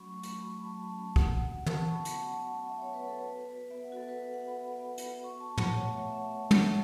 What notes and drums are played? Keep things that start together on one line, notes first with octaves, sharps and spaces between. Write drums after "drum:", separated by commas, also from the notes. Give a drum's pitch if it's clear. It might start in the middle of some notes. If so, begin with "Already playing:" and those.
Already playing: F#3 A3 C#4 F#4 B5 C#6
A3 C#6
drum: hi-hat
F#4 B5
F#3 A5
C#4
F#4 F#5, drum: kick
F#4
B3 A5, drum: tom
C#6
B3 B5
A5, drum: hi-hat
F#4 F#5
F#4
F#5
B3 E5
C#5
B3 B4
A4
F#4 B4
F#4 B4
B3 E5
F#5
F#4
B3 A4
B4
F#4
F#5
F#4 B5
B5
B3
B3, drum: hi-hat
F#4 C#6
A5
F#4
F#5, drum: tom
A3 C#5
E5
A3 F#5
E5
F#4
F#4, drum: tom